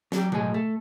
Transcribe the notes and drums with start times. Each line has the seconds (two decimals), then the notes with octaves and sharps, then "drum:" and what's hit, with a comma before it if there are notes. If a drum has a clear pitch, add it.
0.12 F#3 G4, drum: snare
0.32 A2 F#3 G#3 G#4, drum: tom B2
0.54 A3